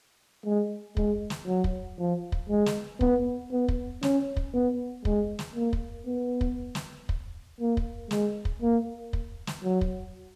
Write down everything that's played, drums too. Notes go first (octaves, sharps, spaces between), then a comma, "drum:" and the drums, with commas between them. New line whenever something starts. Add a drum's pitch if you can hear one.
G#3
G#3, drum: kick
drum: snare
F#3
drum: kick
F3
drum: kick
G#3
drum: snare
B3, drum: kick
B3
drum: kick
C#4, drum: snare
drum: kick
B3
G#3, drum: kick
drum: snare
A#3
drum: kick
B3
drum: kick
drum: snare
drum: kick
A#3
drum: kick
G#3, drum: snare
drum: kick
A#3
drum: kick
drum: snare
F#3
drum: kick